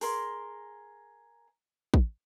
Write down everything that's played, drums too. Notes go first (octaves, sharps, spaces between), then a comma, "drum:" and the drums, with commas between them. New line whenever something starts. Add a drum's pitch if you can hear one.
G#4 A#4 C6, drum: open hi-hat
drum: kick